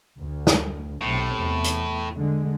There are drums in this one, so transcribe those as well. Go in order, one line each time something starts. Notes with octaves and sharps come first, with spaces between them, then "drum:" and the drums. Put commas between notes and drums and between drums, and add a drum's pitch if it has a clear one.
D2
drum: snare
B1 A2 C3 C4
E2
drum: hi-hat
D3 G#3